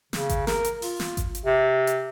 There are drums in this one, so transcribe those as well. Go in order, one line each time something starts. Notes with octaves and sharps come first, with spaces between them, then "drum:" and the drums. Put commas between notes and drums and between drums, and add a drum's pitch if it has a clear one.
C#3, drum: snare
drum: kick G#1, hi-hat
A#4, drum: snare
drum: hi-hat
F4, drum: open hi-hat
drum: snare
drum: kick G#1, hi-hat
drum: hi-hat
C3
drum: hi-hat